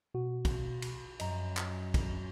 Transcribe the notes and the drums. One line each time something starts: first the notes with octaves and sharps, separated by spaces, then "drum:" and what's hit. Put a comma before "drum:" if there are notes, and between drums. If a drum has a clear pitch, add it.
B2 F#4
drum: kick, cymbal
drum: cymbal
F#2 D#5 A#5, drum: cymbal
drum: clap
drum: kick, cymbal